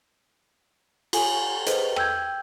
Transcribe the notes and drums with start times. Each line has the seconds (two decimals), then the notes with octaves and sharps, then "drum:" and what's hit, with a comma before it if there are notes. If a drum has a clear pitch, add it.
1.13 F4 A4 G#5, drum: cymbal
1.66 G#4 A4 B4 C5 D#5, drum: hi-hat
1.96 G5 E6 G6 G#6, drum: rim click